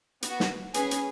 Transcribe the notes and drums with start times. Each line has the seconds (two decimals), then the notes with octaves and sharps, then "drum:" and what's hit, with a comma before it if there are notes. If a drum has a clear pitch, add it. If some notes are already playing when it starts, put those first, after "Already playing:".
0.22 B3, drum: hi-hat
0.28 F#4
0.40 drum: snare
0.74 C#4 G#4 B4, drum: hi-hat
0.91 drum: hi-hat